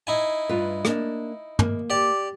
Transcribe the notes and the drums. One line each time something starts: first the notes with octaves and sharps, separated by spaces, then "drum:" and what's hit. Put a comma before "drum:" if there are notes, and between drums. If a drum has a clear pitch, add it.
D#4 E4 G#5
G2 F4 B4
A#3 D4, drum: rim click
A#3, drum: tom
G4 D5